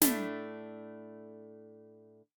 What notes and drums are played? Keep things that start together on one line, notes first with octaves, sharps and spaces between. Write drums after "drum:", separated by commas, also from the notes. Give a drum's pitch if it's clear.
A2 A3 D4, drum: snare